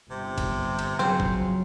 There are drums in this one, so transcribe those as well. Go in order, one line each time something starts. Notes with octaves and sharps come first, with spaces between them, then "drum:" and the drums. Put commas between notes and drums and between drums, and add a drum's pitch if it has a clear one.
G1 C3
drum: kick, cymbal
drum: cymbal
C#3 F#3 C4 F4
drum: kick